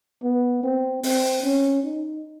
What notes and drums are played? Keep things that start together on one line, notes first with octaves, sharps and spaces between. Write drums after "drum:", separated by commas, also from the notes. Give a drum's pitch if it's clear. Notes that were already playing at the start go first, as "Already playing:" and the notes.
B3
C4
C4, drum: open hi-hat
C#4
D#4